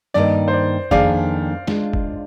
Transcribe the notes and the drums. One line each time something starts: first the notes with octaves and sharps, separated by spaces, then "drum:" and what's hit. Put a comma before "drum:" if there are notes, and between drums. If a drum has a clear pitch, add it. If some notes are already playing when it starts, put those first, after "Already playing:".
G2 D#3 A#3 D#4 A#4 D5
C5
D5
F2 D#3 A#3 D4 G#4 D5 F5, drum: kick
G#3 D4 F4, drum: snare
drum: kick